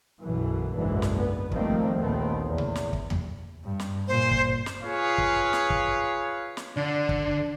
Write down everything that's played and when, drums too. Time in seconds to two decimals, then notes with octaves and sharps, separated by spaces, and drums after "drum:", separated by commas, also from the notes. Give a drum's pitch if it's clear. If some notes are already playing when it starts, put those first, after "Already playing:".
0.21 B1 F#2 B2 E3
0.74 F#1 B1 G#2 D3 E3
1.02 drum: snare
1.18 B3
1.51 D#3 F3 G3 A3 A#3 C4, drum: kick
1.96 A#1 D#2 D#3 A3 B3 C4
2.47 E2
2.58 drum: tom B2
2.75 drum: snare
2.93 drum: kick
3.10 drum: tom E2
3.64 G2
3.80 drum: snare
4.08 A#2 C5
4.32 drum: kick
4.66 drum: snare
4.84 F4 G#4 B4 C#5 F5
5.18 drum: kick
5.53 drum: snare
5.70 drum: kick
6.57 drum: snare
6.77 D3 D4
7.09 drum: kick